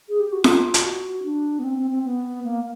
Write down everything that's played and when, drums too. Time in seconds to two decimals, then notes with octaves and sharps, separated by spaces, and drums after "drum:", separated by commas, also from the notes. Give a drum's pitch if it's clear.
0.09 G#4
0.20 G4
0.32 F#4
0.44 F4, drum: snare F4
0.74 drum: hi-hat
0.83 F#4
1.23 D4
1.59 B3
1.64 C4
1.78 C4
1.91 C4
2.04 B3
2.44 A#3